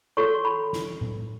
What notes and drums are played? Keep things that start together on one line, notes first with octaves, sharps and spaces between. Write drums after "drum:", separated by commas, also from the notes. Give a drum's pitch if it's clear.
F#4 A4 C#5 C#6
B5
drum: snare
drum: tom A2